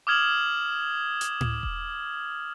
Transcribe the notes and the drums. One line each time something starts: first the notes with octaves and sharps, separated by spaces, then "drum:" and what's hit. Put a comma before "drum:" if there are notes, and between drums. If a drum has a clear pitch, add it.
D6 D#6 F6 G#6 E7 F#7
drum: hi-hat
drum: tom A2
drum: kick E1